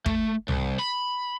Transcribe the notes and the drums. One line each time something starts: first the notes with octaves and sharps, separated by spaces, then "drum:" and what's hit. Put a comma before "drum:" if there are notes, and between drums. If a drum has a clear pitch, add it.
A3, drum: kick
C2, drum: tom
B5